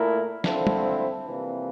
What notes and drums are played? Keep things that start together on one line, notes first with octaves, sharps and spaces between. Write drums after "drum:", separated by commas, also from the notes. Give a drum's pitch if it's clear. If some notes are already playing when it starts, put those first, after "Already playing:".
Already playing: A#2 A3 E4 A#4
D3 F3 C4 E4 A4, drum: snare
drum: tom
F2 C3 E3 G3 A#3